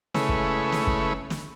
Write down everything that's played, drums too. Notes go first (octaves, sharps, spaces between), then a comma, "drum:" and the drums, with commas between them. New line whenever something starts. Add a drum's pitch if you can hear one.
C#3 G#3 A3 E4 B4 C#5, drum: snare
drum: kick
drum: snare
drum: kick
drum: snare